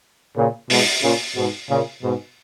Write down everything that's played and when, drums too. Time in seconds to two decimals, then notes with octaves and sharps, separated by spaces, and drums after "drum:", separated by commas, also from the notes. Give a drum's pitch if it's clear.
0.36 A#2 C#3
0.70 G#2 B2, drum: open hi-hat
1.03 A#2 C#3
1.36 G#2 B2
1.70 A#2 C#3
2.03 G#2 B2